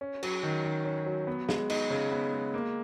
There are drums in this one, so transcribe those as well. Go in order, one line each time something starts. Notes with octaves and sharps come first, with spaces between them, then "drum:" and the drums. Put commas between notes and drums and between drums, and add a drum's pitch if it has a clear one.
C#4
F#3, drum: cymbal
D#3
D#3
C#4
F#3
B3
G#3, drum: snare
D#4, drum: cymbal
C#3
B3
G#3
A#3